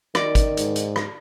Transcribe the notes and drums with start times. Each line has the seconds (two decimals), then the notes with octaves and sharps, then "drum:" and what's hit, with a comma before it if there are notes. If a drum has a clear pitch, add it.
0.15 D#3 D5, drum: rim click
0.35 drum: kick, hi-hat
0.57 G#2, drum: hi-hat
0.76 drum: hi-hat
0.96 drum: rim click